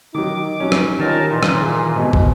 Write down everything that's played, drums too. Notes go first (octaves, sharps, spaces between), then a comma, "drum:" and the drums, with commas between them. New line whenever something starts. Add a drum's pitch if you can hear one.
D#3 F#3 D#4 D6
F#3 C#4
drum: rim click
D#3 G3 C#4 D#4 F4 A#4 A5
A#2 E3 D#4
drum: rim click
D#3 G#4
G#2 B2
drum: kick